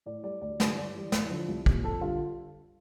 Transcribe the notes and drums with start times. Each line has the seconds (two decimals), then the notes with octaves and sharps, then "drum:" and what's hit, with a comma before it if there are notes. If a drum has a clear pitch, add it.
0.06 A2 D5
0.23 G3 D5
0.41 D2 D5
0.60 D3 G3, drum: snare
0.77 G2 D5
0.94 E3 G3
1.12 E2, drum: snare
1.30 D3 F3
1.48 C2
1.66 A#2 G3, drum: kick
1.83 F2 A4
2.01 D3 G3 F4